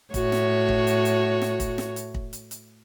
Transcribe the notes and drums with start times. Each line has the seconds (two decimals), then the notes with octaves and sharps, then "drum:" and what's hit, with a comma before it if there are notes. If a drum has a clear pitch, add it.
0.14 A2 F#4 C#5, drum: kick, hi-hat
0.32 drum: snare
0.69 drum: kick
0.87 drum: hi-hat
1.05 drum: hi-hat
1.42 drum: snare
1.60 drum: kick, hi-hat
1.78 drum: snare
1.96 drum: hi-hat
2.14 drum: kick
2.33 drum: hi-hat
2.51 drum: hi-hat